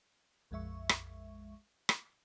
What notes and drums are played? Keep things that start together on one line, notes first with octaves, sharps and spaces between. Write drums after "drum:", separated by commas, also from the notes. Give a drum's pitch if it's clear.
A#1 F2 G#3 E5 C#6
drum: rim click
drum: rim click